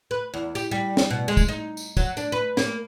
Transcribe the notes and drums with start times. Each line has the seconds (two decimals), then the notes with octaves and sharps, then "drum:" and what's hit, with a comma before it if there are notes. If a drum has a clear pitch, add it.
0.11 B4
0.34 E2
0.55 G4, drum: tambourine
0.71 G3
0.97 drum: snare
1.10 B2
1.28 G#3
1.37 drum: kick, tambourine
1.49 D#4
1.77 drum: tambourine
1.97 F#3, drum: kick, tambourine
2.17 D4, drum: tambourine
2.32 B4
2.57 A#3, drum: snare